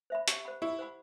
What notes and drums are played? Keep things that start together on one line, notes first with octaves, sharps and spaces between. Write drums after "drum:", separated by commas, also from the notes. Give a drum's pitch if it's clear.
C5 E5 B5
G4, drum: hi-hat
C5 F#5 B5
E4 G4
C5 F#5 B5